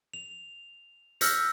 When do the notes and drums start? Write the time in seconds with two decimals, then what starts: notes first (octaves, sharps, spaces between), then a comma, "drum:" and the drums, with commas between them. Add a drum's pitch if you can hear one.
0.14 F7
1.21 E6 F6 G6 A#6 B6 C#7, drum: hi-hat